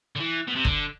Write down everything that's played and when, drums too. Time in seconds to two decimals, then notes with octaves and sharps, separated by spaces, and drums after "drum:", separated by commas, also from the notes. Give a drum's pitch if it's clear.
0.16 D3
0.20 E3
0.47 B2
0.56 C3
0.65 D3, drum: kick